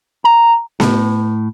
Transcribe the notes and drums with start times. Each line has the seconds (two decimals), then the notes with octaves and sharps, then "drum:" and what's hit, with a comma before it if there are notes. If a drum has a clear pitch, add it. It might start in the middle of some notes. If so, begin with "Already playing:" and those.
0.24 A#5
0.80 A2, drum: snare B3